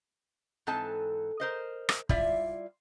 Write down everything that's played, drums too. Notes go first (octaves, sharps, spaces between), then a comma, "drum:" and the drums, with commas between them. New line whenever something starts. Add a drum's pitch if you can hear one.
G#2 E3 C4 A4 G#5 A5
A#4 C5 D#5
drum: rim click
G3 E4 F4 D5 E5, drum: kick